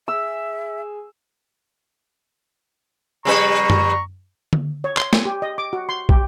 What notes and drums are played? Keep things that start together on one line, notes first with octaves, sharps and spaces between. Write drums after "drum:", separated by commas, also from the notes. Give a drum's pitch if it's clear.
G#4 E5 E6
C#3 G3 B4 A#5 C#6
drum: tom F#2
drum: tom D3
C#5
C6, drum: clap
G#5, drum: snare
G4
D#5
D6
F#4
C6
G4, drum: kick